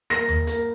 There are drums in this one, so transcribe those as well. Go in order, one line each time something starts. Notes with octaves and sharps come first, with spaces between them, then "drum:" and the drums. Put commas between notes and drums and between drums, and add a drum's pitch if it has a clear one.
A#3 A#6, drum: snare
drum: tom D#2
A#3, drum: hi-hat